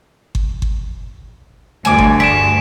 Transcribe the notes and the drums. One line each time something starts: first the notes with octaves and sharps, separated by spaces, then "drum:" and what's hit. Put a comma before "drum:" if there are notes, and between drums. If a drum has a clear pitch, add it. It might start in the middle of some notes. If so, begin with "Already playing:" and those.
drum: kick G1
drum: kick G1
D2 G2 G#5 D6
drum: kick G1
G#4 B6 D7 E7